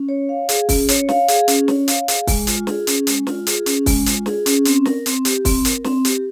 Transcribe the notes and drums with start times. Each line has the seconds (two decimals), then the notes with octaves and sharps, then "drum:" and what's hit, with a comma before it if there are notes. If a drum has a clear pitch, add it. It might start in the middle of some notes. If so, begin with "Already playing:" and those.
Already playing: C#4
0.09 C#5
0.29 F5
0.49 G#4, drum: hi-hat
0.69 C#4, drum: kick, open hi-hat
0.89 C#5, drum: hi-hat
1.09 F5, drum: snare
1.28 G#4, drum: hi-hat
1.48 C#4, drum: hi-hat
1.68 C#5, drum: snare
1.88 F5, drum: hi-hat
2.08 G#4, drum: hi-hat
2.27 G#3, drum: kick, open hi-hat
2.47 F4, drum: hi-hat
2.67 G#4, drum: snare
2.87 C#4, drum: hi-hat
3.07 G#3, drum: hi-hat
3.27 F4, drum: snare
3.47 G#4, drum: hi-hat
3.66 C#4, drum: hi-hat
3.86 G#3, drum: kick, open hi-hat
4.06 F4, drum: hi-hat
4.26 G#4, drum: snare
4.46 C#4, drum: hi-hat
4.65 C4, drum: hi-hat
4.85 A#4, drum: snare
5.06 C4, drum: hi-hat
5.25 G4, drum: hi-hat
5.45 C4, drum: kick, open hi-hat
5.65 A#4, drum: hi-hat
5.84 C4, drum: snare
6.05 G4, drum: hi-hat